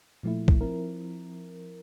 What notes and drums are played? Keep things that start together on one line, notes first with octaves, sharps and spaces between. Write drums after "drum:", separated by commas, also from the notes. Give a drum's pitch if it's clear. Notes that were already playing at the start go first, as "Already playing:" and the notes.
A#2 F3 A3 E4
drum: kick
F3 C4 E4 A#4